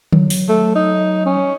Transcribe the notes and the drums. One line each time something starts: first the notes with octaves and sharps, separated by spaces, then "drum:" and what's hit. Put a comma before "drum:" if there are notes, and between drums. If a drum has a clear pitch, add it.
F#3, drum: tom D3
drum: open hi-hat
A3
D#4
C#4